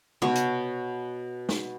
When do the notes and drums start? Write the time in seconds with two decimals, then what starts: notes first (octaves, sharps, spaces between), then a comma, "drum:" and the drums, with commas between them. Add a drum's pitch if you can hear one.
0.22 B2 C#5, drum: tom
0.35 drum: hi-hat
1.49 drum: snare